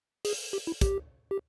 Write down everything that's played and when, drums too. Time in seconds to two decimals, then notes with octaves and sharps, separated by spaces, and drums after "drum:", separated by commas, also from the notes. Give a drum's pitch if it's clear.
0.25 G#4, drum: open hi-hat
0.53 G4
0.67 E4
0.81 G4, drum: kick, hi-hat
1.31 G4